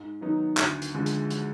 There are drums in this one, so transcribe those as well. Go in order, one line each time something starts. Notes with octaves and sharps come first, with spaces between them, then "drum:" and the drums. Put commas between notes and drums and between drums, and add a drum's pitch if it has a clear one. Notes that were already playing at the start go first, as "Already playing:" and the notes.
Already playing: G#2
D#3 F#3 B3 D#4
D2, drum: clap
drum: hi-hat
D3 F3 G#3
drum: hi-hat
drum: hi-hat